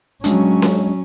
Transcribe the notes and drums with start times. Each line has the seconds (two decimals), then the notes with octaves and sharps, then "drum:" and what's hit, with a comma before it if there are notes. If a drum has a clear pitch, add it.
0.24 F#3 G#3 C#4 D4, drum: hi-hat
0.62 drum: snare C#4